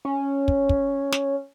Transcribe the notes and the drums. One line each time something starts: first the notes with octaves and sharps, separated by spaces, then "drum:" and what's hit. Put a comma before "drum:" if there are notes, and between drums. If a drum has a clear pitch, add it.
C#4
drum: kick
drum: kick
drum: snare